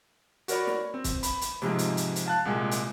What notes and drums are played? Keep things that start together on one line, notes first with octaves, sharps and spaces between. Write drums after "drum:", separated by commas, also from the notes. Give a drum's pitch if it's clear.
F#4 A#4 C#5 D5 B5, drum: hi-hat
drum: snare
C4
drum: kick, hi-hat
B5, drum: hi-hat
drum: hi-hat
G#2 C3 F3 G#3, drum: snare
drum: hi-hat
drum: hi-hat
drum: hi-hat
F5 A5 F#6
C2 A#2 G#3
drum: hi-hat